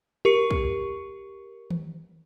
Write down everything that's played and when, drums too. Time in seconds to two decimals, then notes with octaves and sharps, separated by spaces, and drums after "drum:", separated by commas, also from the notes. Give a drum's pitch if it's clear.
0.25 G4 A#4 C#6 C#7
0.51 drum: kick
1.70 drum: tom D#3